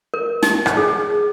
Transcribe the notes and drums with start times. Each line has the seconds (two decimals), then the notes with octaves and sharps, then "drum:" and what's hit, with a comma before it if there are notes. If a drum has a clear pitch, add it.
0.14 A#4
0.43 D#4, drum: snare
0.66 drum: rim click
0.77 G#4